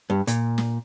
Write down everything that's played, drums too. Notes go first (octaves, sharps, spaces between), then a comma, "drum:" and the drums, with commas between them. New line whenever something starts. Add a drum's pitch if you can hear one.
G2
A#2, drum: hi-hat
drum: snare